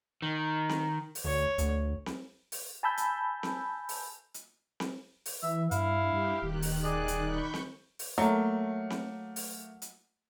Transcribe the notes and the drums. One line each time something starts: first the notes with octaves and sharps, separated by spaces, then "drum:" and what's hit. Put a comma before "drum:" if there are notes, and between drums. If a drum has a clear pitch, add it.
D#3
drum: snare C4
drum: open hi-hat
D2 C#5
D2, drum: hi-hat
drum: snare C4
drum: open hi-hat
G#5 A5 B5 E6 G6
drum: hi-hat
drum: snare C4
drum: open hi-hat
drum: hi-hat
drum: snare C4
drum: open hi-hat
E3 E5
G2 E4 F5, drum: hi-hat
G2 G4
D#1 D#3 F#6
drum: open hi-hat
G#4 D5
drum: hi-hat
B5 C#6 G6
drum: snare C4
drum: open hi-hat
F#3 A3 A#3
drum: snare C4
drum: open hi-hat
drum: hi-hat